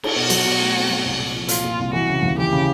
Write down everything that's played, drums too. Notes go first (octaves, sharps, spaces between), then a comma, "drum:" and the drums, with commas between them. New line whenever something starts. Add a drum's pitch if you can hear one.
drum: cymbal
B2 F#4
F#3, drum: cymbal
B2
A3
C4
F#3
C2
A#2
F3
A#2 F4, drum: hi-hat
A#2
C2
E3 F#4
C#3
D#2
E3 G4
C#3